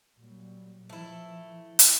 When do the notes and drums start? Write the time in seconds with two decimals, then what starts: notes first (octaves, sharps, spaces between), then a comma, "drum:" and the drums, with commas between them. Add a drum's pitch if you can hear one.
0.17 A#2 F#3 G3
0.89 E3 F3 A3 E4
1.79 drum: hi-hat